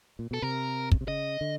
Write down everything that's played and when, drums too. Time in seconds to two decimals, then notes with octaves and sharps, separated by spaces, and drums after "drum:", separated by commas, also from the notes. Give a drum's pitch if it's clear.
0.19 A#2
0.31 B2 A4
0.42 C3 A#4
0.92 drum: kick
1.01 C3
1.08 C#3 D#5
1.41 D3